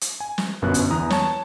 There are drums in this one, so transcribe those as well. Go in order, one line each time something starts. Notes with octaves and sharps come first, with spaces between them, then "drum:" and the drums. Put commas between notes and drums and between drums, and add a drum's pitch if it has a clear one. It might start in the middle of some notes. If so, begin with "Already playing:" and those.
drum: hi-hat
G#5
drum: snare
G1 F#2 B2 B3 F#4 F#6
drum: hi-hat
E2 E3 A#5 D#6
C#5 A5, drum: snare